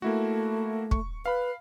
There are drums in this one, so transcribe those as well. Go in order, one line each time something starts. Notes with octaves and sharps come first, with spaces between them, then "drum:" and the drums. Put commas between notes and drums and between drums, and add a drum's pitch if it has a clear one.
A3 A#3 E4 F#4
C#6, drum: kick
B4 F5 B5